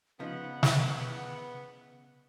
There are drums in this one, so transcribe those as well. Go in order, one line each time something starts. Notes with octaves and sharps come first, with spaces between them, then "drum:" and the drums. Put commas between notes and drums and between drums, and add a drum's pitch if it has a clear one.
C#3 F3 B3 D#4 F#5
drum: snare